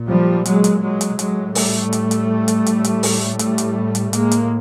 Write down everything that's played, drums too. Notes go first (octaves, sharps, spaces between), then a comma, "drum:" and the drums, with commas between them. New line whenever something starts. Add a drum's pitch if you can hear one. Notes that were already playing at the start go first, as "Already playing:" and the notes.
Already playing: A#2
F3 G3
F#3 G#3, drum: hi-hat
drum: hi-hat
F#3 G#3
drum: hi-hat
A2 F#3 G#3, drum: hi-hat
G3 A3, drum: open hi-hat
drum: hi-hat
drum: hi-hat
drum: hi-hat
A2, drum: hi-hat
drum: hi-hat
drum: open hi-hat
G3 A3, drum: hi-hat
drum: hi-hat
drum: hi-hat
A2 G#3 A#3, drum: hi-hat
drum: hi-hat